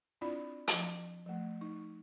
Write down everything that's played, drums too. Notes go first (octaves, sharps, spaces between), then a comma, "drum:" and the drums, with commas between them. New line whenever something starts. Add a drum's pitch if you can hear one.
C4 D4 E4 F4 D5 B5
F3 D6, drum: hi-hat
F3 A3
D#4